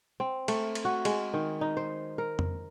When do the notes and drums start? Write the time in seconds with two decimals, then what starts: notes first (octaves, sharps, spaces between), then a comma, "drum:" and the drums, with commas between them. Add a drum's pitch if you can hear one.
0.20 C4
0.48 A3, drum: cymbal
0.75 drum: cymbal
0.85 F#4
1.05 G#3, drum: cymbal
1.34 D#3
1.61 D#4
1.77 C5
2.18 A#4
2.39 drum: tom F2